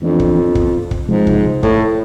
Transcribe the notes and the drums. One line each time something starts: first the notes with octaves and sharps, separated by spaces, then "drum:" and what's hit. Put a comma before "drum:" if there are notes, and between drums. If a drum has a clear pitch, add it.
F2 E3 B3 D4
drum: kick
drum: kick
drum: kick
G#2 C3 F3 G#3
drum: kick
A2, drum: kick